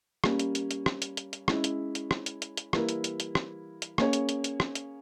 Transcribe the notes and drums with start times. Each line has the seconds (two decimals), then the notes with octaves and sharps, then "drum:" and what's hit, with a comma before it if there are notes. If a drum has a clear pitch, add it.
0.24 G3 A#3 C#4, drum: rim click
0.39 drum: hi-hat
0.55 drum: hi-hat
0.71 drum: hi-hat
0.86 drum: rim click
1.02 drum: hi-hat
1.17 drum: hi-hat
1.33 drum: hi-hat
1.48 G#3 C#4 E4, drum: rim click
1.64 drum: hi-hat
1.95 drum: hi-hat
2.11 drum: rim click
2.26 drum: hi-hat
2.42 drum: hi-hat
2.57 drum: hi-hat
2.73 E3 G3 A#3 E4 A#4, drum: rim click
2.89 drum: hi-hat
3.04 drum: hi-hat
3.20 drum: hi-hat
3.35 drum: rim click
3.82 drum: hi-hat
3.98 A#3 C#4 G#4 C#5, drum: rim click
4.13 drum: hi-hat
4.29 drum: hi-hat
4.44 drum: hi-hat
4.60 drum: rim click
4.75 drum: hi-hat